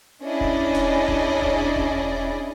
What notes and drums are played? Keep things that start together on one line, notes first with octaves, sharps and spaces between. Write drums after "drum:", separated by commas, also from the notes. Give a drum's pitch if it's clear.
C#4 D4 E4 G#4 D5 D#5
drum: kick E1
drum: snare F1
drum: kick E1
drum: kick E1
drum: kick E1